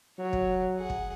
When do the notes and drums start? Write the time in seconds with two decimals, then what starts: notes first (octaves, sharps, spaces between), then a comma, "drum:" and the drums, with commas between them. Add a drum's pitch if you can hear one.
0.19 F#3 C#5
0.33 drum: kick
0.77 G#4 F#5
0.90 drum: kick